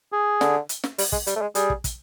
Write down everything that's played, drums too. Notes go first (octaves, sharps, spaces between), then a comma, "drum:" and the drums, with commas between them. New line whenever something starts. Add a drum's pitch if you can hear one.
G#4
D3, drum: snare
drum: hi-hat
drum: snare
G3, drum: open hi-hat
G#3, drum: kick
G3, drum: hi-hat
A3
G#3
G3 G#4, drum: hi-hat
drum: kick
drum: kick, hi-hat